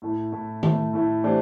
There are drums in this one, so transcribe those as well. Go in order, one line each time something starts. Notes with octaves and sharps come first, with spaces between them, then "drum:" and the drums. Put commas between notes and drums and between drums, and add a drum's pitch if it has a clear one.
A2 A3 E4
A2 A3 E4
A2 A3 E4, drum: tom D#3
A2 A3 E4
E3 A3 D4 G4 C5